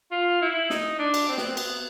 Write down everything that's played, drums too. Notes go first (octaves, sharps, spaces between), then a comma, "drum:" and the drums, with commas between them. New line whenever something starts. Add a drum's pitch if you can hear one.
F4
E4
D#4, drum: snare
D4
drum: cymbal
C4
B3, drum: snare
C4
B3, drum: cymbal